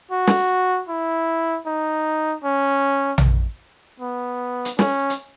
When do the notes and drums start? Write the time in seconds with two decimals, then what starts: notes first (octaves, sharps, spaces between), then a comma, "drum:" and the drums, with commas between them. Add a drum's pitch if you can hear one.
0.11 F#4
0.27 drum: snare
0.89 E4
1.66 D#4
2.44 C#4
3.18 drum: tom A#1
4.00 B3
4.65 drum: hi-hat
4.79 C#4, drum: snare
5.10 drum: hi-hat